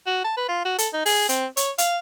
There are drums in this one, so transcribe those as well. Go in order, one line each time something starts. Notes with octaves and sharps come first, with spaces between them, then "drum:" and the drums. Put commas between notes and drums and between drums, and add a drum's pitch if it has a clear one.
F#4
A5
B4
F4
F#4
A4, drum: hi-hat
D#4
G#4, drum: open hi-hat
C4, drum: hi-hat
C#5, drum: hi-hat
F5, drum: hi-hat